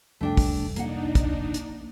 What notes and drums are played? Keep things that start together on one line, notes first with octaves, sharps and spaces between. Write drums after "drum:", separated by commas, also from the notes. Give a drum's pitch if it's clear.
C2 F2 G3 A3 D4 G5
drum: kick, open hi-hat
A#3 D4 D#4 F#5, drum: hi-hat
drum: kick, hi-hat
drum: hi-hat